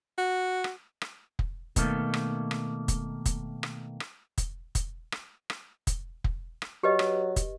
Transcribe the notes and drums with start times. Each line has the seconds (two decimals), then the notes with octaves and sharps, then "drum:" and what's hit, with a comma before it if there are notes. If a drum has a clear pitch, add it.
0.18 F#4
0.64 drum: rim click
1.02 drum: rim click
1.39 drum: kick
1.76 B2 D#3 A3 A#3, drum: kick, hi-hat
2.14 drum: rim click
2.51 drum: rim click
2.88 drum: kick, hi-hat
3.26 drum: kick, hi-hat
3.63 drum: rim click
4.00 drum: rim click
4.38 drum: kick, hi-hat
4.75 drum: kick, hi-hat
5.12 drum: rim click
5.50 drum: rim click
5.87 drum: kick, hi-hat
6.24 drum: kick
6.62 drum: rim click
6.83 F#3 G4 B4 D#5
6.99 drum: rim click
7.36 drum: kick, hi-hat